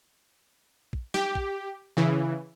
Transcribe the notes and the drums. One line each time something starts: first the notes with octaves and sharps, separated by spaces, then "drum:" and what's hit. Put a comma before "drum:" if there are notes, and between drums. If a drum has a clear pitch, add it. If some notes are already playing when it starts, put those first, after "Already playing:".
drum: kick
G4, drum: snare
drum: kick
C#3 E3